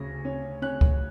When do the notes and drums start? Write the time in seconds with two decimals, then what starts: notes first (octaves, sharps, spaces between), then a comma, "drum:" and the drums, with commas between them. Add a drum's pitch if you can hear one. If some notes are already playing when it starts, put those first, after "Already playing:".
Already playing: D2 C#3 A#6
0.25 C#4
0.62 C#4 F#6
0.81 drum: kick